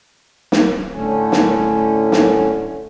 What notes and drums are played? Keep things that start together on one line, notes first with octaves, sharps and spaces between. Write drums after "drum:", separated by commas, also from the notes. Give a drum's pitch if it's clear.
drum: snare
A2 D3 A3 C#4
drum: snare
drum: snare